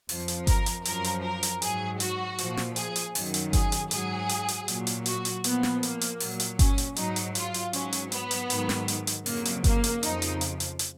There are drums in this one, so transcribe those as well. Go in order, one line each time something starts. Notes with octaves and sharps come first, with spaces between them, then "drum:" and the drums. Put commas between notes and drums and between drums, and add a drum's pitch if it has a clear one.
F2 F3, drum: open hi-hat
drum: hi-hat
A#4, drum: kick G1, hi-hat
drum: hi-hat
F#2 F3 A#4, drum: hi-hat
drum: hi-hat
A#4
drum: hi-hat
G#2 F#3 G#4, drum: hi-hat
F#4, drum: hi-hat
A#2 F3, drum: hi-hat
drum: snare
G#4, drum: hi-hat
drum: hi-hat
F#2 D#3 F#3, drum: open hi-hat
drum: hi-hat
G#4, drum: kick G1, hi-hat
drum: hi-hat
G#2 F#3 G#4, drum: hi-hat
drum: hi-hat
drum: hi-hat
A#2 F#3, drum: hi-hat
drum: hi-hat
F#4, drum: hi-hat
drum: hi-hat
A#2 F3 B3, drum: hi-hat
drum: snare
A#3, drum: hi-hat
drum: hi-hat
A#2 F#3, drum: open hi-hat
drum: hi-hat
C#4, drum: kick G1, hi-hat
drum: hi-hat
G#2 F#3 D#4, drum: hi-hat
drum: hi-hat
F4, drum: hi-hat
drum: hi-hat
G#2 F#3 C#4, drum: hi-hat
drum: hi-hat
B3, drum: hi-hat
drum: hi-hat
G#2 D#3 F#3, drum: hi-hat
drum: snare
drum: hi-hat
drum: hi-hat
F2 C#3 F#3 A#3, drum: open hi-hat
drum: hi-hat
A#3, drum: kick G1, hi-hat
drum: hi-hat
F2 C#3 F3 D#4, drum: hi-hat
drum: hi-hat
drum: hi-hat
drum: hi-hat
drum: hi-hat